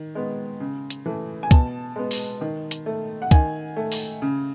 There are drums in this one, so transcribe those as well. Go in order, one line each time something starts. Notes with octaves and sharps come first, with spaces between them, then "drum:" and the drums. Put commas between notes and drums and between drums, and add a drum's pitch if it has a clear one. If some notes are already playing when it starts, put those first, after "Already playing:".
Already playing: D#3
G#3 B3
C#3
drum: hi-hat
E3 A3
G#5
B2 A5, drum: kick, hi-hat
G#3 B3
drum: open hi-hat
D#3
drum: hi-hat
A3
F#5
D#3 G#5, drum: kick, hi-hat
A3
drum: open hi-hat
C#3